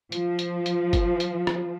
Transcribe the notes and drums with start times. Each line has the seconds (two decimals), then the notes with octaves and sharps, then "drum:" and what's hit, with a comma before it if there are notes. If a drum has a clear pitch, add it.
0.12 F3, drum: hi-hat
0.39 drum: hi-hat
0.66 drum: hi-hat
0.93 drum: kick G1, hi-hat
1.20 drum: hi-hat
1.47 drum: rim click